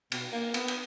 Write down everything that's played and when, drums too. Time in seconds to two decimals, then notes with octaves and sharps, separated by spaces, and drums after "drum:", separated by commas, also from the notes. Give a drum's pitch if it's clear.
0.12 B2, drum: cymbal
0.32 A#3
0.54 B3, drum: cymbal
0.68 drum: cymbal